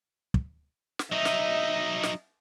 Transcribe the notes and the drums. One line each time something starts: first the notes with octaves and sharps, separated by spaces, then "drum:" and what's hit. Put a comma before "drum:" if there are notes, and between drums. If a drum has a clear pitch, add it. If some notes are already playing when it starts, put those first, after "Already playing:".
drum: kick
drum: snare
F#3 D#4 D#5 E5
drum: snare
drum: snare